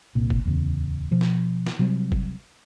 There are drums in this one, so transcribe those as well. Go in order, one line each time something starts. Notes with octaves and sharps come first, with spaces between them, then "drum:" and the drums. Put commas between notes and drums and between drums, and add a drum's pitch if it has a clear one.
F#1 C2 A#2
drum: kick
D1 E2 C#3
B2 F3
drum: snare
drum: snare
C3 F#3 G3 C4
drum: kick